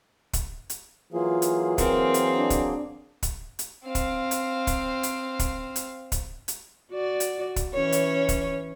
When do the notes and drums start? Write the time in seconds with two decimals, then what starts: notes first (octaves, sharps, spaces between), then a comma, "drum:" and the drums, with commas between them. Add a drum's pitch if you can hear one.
0.33 drum: kick, hi-hat
0.70 drum: hi-hat
1.13 E3 F#3 A#3 F4 G#4
1.42 drum: hi-hat
1.78 C4 A#4, drum: kick, hi-hat
2.14 drum: hi-hat
2.36 D4
2.50 drum: kick, hi-hat
3.23 drum: kick, hi-hat
3.59 drum: hi-hat
3.86 C4 F5
3.95 drum: kick, hi-hat
4.31 drum: hi-hat
4.67 drum: kick, hi-hat
5.03 drum: hi-hat
5.39 drum: kick, hi-hat
5.76 drum: hi-hat
6.12 drum: kick, hi-hat
6.48 drum: hi-hat
6.91 F#4 D5
7.20 drum: hi-hat
7.56 drum: kick, hi-hat
7.73 E3 C#4 C#5
7.92 drum: hi-hat
8.29 drum: kick, hi-hat